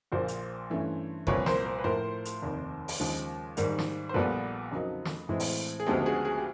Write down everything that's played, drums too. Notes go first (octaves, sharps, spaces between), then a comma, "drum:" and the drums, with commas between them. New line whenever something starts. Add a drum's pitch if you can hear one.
A#1 A#2 F3 A#3 A#4 C5
drum: hi-hat
G2 E3 A3 C#4
C2 A#2 F3 B4 C#5, drum: kick G1
A#4 C5, drum: snare
A#4 C5
B4
A2 F3 A#3 A#4 C5
drum: hi-hat
F1 D#2 D#3
drum: open hi-hat
D#2 C#3 F3 G#3
G#2 D#3 G3 A#3, drum: hi-hat
drum: snare
C5
A#1 A#2 G3 B3 A4 B4
F2 C#3 F#3 A#3 D#4
drum: snare
A2 E3 G#3 C4
drum: open hi-hat
G#4
D2 C#3 F3 G#3 B3 G4 A4
F#4 G#4
F#4 G#4
G4